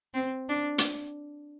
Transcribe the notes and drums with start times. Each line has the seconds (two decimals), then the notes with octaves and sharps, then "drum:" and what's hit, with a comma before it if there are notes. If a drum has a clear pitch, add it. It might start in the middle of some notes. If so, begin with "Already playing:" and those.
0.14 C4
0.49 D4
0.78 drum: hi-hat